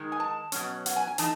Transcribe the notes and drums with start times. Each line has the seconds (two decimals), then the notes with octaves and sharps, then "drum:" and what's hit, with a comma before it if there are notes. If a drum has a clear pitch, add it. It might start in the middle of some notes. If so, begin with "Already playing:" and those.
Already playing: D#3 G#3 D#4
0.12 G#5
0.20 A5
0.52 B2 F#3 C#4, drum: hi-hat
0.86 F#5, drum: hi-hat
0.96 G#5
1.07 G#5
1.18 E3 A3 D#4 A5, drum: hi-hat